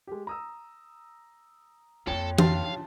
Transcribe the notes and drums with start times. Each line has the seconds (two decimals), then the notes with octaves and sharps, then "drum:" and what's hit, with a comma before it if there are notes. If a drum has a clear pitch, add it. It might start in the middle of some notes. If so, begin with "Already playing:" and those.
0.07 G#3 G4
0.27 A#5 D#6 E6
2.07 F2 A#3 F4 A4 C#5 G5
2.38 F5 A5 C6 A6, drum: tom E3